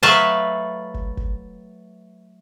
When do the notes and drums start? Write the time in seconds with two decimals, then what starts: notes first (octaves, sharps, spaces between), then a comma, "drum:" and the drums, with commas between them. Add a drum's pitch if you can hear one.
0.03 F#3 A3 B4 E5 F5 A5
0.94 drum: kick
1.17 drum: kick